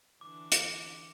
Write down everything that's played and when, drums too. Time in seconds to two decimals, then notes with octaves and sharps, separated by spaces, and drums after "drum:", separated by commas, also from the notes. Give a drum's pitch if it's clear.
0.21 D3 E3 D4 D6
0.52 drum: hi-hat